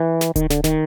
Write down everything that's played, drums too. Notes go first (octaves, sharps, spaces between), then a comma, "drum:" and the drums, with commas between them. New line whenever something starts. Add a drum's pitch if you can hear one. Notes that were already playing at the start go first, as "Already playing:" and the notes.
Already playing: E3
drum: snare
D#3, drum: kick D1, hi-hat
D3, drum: snare
D#3, drum: snare